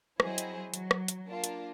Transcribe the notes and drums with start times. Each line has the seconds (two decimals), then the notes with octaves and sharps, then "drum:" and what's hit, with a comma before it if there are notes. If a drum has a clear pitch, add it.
0.20 F#3 C4 E4 G#4 C5 D#5, drum: rim click
0.38 drum: hi-hat
0.74 F#3, drum: hi-hat
0.91 drum: rim click
1.08 drum: hi-hat
1.26 A#3 D4 F4 A#4
1.44 drum: hi-hat